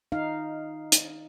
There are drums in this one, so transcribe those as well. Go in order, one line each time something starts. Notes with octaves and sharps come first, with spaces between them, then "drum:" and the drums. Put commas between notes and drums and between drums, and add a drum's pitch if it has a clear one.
D#4 F5
drum: hi-hat